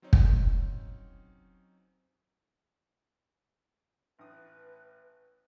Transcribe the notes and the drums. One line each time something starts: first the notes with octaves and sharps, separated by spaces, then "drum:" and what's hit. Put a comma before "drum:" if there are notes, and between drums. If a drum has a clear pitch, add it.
F#3 C4 C#4 D#4 C#5
drum: kick
A1 A2 B4 D#6